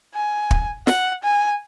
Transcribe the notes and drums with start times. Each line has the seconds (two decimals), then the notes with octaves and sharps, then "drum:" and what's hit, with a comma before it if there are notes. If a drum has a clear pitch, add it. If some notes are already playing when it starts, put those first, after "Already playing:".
0.14 G#5
0.51 drum: kick
0.87 F#5, drum: snare
1.23 G#5